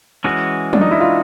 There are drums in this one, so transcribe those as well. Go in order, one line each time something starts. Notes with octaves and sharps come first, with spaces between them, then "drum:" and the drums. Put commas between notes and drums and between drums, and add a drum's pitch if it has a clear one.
E3 G#3 C#4 F#4
D4, drum: tom
D#4
E4
F4